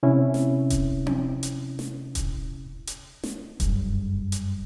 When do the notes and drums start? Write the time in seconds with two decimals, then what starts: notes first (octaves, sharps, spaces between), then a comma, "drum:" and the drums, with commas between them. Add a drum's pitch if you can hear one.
0.03 C3 C#4 E4
0.34 drum: snare
0.70 drum: kick D#1, hi-hat
1.06 drum: tom C4
1.43 drum: hi-hat
1.79 drum: snare
2.15 drum: kick D#1, hi-hat
2.87 drum: hi-hat
3.24 drum: snare
3.60 F#1 G2, drum: kick D#1, hi-hat
4.32 drum: hi-hat